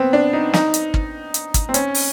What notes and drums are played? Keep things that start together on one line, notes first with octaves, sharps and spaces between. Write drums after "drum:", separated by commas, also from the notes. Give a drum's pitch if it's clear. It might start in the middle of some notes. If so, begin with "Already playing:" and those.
Already playing: B3 C4
D4
D#4
D#4, drum: snare
drum: hi-hat
drum: kick
drum: hi-hat
drum: kick, hi-hat
C4
C#4, drum: hi-hat
drum: open hi-hat